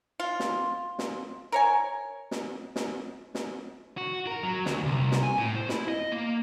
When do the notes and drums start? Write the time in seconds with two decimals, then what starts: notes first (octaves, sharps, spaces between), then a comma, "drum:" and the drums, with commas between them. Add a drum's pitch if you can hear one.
0.20 F4
0.40 drum: snare
0.99 drum: snare
1.52 A#4 C#5 G#5
2.31 drum: snare
2.76 drum: snare
3.35 drum: snare
3.97 F#4
4.27 A#4
4.43 F#3
4.66 D2, drum: snare
4.86 C2
5.12 drum: snare
5.23 G#5
5.38 A2
5.56 C5
5.69 E4, drum: snare
5.88 D#5
6.12 A#3